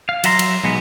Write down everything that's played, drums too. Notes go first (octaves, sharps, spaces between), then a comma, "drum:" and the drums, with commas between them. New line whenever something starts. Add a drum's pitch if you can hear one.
F5
F#3 F#4 E5 A#5 C6, drum: cymbal
drum: cymbal
B1 G#3 B3